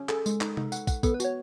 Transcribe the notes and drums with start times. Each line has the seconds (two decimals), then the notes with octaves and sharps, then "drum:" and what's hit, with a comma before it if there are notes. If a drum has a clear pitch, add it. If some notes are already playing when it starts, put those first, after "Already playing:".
Already playing: C#4
0.09 G#4 A4, drum: clap
0.26 G#3, drum: tambourine
0.41 D#4, drum: clap
0.57 D#4, drum: tom C3
0.72 F#5, drum: tambourine
0.87 F#5, drum: kick, tambourine
1.03 B3 A4, drum: kick, tambourine
1.14 B4
1.20 F#4 C#5, drum: tambourine